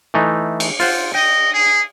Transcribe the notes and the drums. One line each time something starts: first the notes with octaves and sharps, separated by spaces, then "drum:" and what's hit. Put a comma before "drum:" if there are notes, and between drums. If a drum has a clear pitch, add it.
E3 A3 D#4
drum: cymbal
F4 C5 F#5, drum: open hi-hat
D#5 G5
G#4